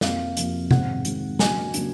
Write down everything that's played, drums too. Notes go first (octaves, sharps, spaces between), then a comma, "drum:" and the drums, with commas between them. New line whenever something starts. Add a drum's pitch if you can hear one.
F2 C3 F3 A#3 F5, drum: snare
F2 C3 F3 A#3, drum: hi-hat
G#2 D#3 G#3 C4 F#5, drum: tom C3
G#2 D#3 G#3 C4, drum: hi-hat
C#3 F#3 A#3 D4 G#5, drum: snare
C#3 F#3 A#3 D4, drum: hi-hat